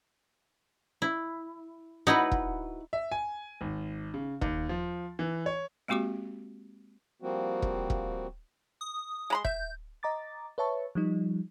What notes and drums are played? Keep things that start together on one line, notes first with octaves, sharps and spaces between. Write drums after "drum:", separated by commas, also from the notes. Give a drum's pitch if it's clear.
E4
D#4 E4 F#4 B4
drum: kick E1
E5
G#5
G#1
C#3
D#2, drum: kick E1
F3
E3
C#5
G#3 A#3 C4 F#4 G4 D6
F3 G3 A#3 C4 F#4
drum: kick E1
drum: kick E1
D#6
G#3 B5 C6
E5 G6, drum: kick E1
D#5 A#5 D6 A6
B4 C#5 E5 A5 C#6
F3 G3 D#4